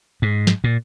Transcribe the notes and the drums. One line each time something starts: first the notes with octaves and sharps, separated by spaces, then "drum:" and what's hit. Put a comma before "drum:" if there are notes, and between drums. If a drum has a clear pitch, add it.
G#2
drum: snare
A#2